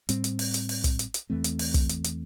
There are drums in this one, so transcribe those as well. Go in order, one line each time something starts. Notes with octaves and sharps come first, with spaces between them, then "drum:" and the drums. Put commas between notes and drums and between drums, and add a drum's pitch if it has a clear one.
A2 G3 C4, drum: hi-hat
drum: hi-hat
drum: open hi-hat
drum: hi-hat
drum: open hi-hat
drum: kick, hi-hat
drum: hi-hat
drum: hi-hat
E2 E3 A3 C4
drum: hi-hat
drum: open hi-hat
drum: kick, hi-hat
drum: hi-hat
drum: hi-hat